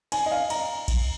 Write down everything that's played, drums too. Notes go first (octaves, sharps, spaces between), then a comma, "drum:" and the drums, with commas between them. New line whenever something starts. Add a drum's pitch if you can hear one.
G#5, drum: cymbal
D#5
F5
A#5, drum: cymbal
drum: kick A#1, cymbal